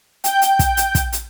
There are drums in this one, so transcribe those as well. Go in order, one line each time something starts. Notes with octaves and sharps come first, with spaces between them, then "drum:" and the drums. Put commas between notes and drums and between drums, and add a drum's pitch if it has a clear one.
G5 G6, drum: hi-hat
drum: hi-hat
drum: kick, hi-hat
drum: hi-hat
drum: kick, hi-hat
drum: hi-hat